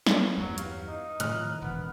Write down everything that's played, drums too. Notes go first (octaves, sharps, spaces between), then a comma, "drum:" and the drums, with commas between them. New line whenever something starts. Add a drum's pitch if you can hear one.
drum: snare
E2 G2 F#3
F5, drum: hi-hat
D#4
A2 D#3 F3 F6 F#6, drum: hi-hat
E1 B3